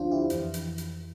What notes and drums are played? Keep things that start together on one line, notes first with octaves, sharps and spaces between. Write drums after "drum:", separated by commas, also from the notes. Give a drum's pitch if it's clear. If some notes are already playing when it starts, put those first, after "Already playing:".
Already playing: D2 D3 F3 D4 F4 C5
E4 G4
F2 E3, drum: hi-hat
drum: hi-hat
drum: hi-hat